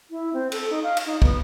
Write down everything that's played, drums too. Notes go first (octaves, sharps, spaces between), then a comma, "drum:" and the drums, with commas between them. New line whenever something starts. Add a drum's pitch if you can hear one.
E4
C4
A4, drum: cymbal
D#4
F5
drum: cymbal
D#4
B3, drum: kick